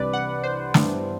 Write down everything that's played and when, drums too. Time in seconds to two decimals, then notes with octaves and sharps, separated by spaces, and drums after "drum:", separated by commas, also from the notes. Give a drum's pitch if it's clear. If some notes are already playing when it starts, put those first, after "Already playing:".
Already playing: C2 C3 E3 G3 D4 B4 D5
0.13 F#5
0.44 C5
0.74 G2 E3 B3 D4, drum: snare